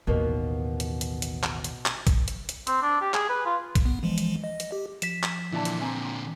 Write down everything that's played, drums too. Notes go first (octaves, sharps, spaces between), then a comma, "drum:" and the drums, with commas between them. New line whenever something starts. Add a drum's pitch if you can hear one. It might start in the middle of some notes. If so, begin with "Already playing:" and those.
A1 D#2 B2 A#3 B3
drum: hi-hat
drum: hi-hat
drum: hi-hat
drum: clap
drum: hi-hat
drum: clap
drum: kick A#1, hi-hat
drum: hi-hat
drum: hi-hat
C4, drum: hi-hat
D4
G4
G#4, drum: clap
B4
F4
drum: kick A#1, hi-hat
B3
E3 F3 G#3
drum: hi-hat
D#5
drum: hi-hat
G4
F3 B6 E7, drum: hi-hat
drum: clap
A#2 D3 E3 D4 A5
drum: hi-hat
C4 G#5 A#5